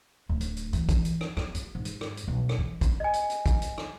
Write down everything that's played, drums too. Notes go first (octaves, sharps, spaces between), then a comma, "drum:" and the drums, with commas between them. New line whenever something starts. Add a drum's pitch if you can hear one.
D1
drum: hi-hat
drum: hi-hat
E3, drum: hi-hat
drum: kick, hi-hat
drum: hi-hat
drum: rim click
B3, drum: rim click
F4, drum: hi-hat
G#2
drum: hi-hat
drum: rim click
drum: hi-hat
B1
drum: rim click
E3
drum: kick, hi-hat
D#5 G#5
drum: hi-hat
drum: hi-hat
drum: kick, hi-hat
drum: hi-hat
drum: rim click